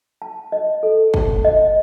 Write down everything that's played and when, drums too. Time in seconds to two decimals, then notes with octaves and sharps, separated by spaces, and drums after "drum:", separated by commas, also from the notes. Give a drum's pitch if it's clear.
0.22 A5
0.52 D#5
0.83 A4
1.14 A5, drum: kick
1.45 D#5